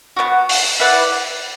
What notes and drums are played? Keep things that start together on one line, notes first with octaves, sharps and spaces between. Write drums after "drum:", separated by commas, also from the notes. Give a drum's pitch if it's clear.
B3 D4 F#4
drum: open hi-hat
E4 B4 D5 F#5